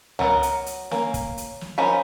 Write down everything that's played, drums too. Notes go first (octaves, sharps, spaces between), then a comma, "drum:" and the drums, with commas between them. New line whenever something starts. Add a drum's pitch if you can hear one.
F#3 B3 A4 A#4 F#5, drum: tom C#2
drum: hi-hat
drum: hi-hat
A#3 C#4, drum: snare
drum: kick, hi-hat
drum: hi-hat
drum: snare
D#3 F3 C#4 D#4 B5